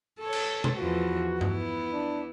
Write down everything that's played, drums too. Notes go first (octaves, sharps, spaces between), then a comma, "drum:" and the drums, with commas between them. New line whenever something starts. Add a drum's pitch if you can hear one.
A4 C#5
drum: cymbal
drum: tom B2
E2 E3 F3 F#4
B3 E4, drum: tom G2
D4